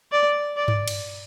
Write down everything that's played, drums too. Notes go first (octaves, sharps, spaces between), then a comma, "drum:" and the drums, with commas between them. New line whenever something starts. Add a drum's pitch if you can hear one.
D5
D5
drum: tom G2
drum: cymbal